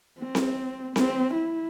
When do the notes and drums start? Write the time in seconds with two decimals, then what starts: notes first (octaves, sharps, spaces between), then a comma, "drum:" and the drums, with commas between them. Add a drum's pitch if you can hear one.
0.19 C4
0.35 drum: snare C4
0.96 C4, drum: snare C4
1.34 E4